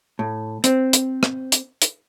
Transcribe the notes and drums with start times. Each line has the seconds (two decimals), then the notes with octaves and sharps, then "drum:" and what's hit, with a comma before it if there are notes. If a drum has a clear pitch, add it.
0.19 A2
0.64 C4, drum: hi-hat
0.93 drum: hi-hat
1.23 drum: rim click
1.52 drum: hi-hat
1.82 drum: hi-hat